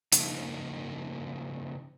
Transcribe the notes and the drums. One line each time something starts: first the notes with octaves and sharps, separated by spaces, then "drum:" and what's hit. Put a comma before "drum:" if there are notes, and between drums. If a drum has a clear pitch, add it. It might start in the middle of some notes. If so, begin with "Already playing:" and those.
C#3 F3 A#3 D#4 A#4, drum: hi-hat